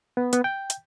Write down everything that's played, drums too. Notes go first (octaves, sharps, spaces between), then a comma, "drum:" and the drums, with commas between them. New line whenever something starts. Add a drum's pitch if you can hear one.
B3
B3, drum: hi-hat
G5
drum: hi-hat